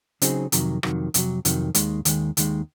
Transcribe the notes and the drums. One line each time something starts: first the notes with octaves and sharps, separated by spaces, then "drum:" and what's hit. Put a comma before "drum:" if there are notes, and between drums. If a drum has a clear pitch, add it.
C#3 F#3 C4 D#4 G#4, drum: hi-hat
F2 C3 D#3 F#3, drum: hi-hat
F2 C3 D#3 F#3, drum: rim click
F2 C3 D#3 F#3, drum: hi-hat
F2 C3 D#3 F#3, drum: hi-hat
D#2 D#3 G#3, drum: hi-hat
D#2 D#3 G#3, drum: hi-hat
D#2 D#3 G#3, drum: hi-hat